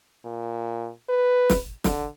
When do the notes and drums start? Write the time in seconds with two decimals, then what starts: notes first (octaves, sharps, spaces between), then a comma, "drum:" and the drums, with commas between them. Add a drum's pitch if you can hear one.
0.25 A#2
1.09 B4
1.50 drum: snare
1.84 D3, drum: snare